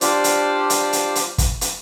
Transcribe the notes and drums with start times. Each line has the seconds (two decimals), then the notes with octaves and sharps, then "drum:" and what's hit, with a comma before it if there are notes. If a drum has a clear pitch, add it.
0.01 D4 F4 G4 C5 D5, drum: hi-hat
0.24 drum: hi-hat
0.70 drum: hi-hat
0.93 drum: hi-hat
1.15 drum: hi-hat
1.38 drum: kick, hi-hat
1.61 drum: hi-hat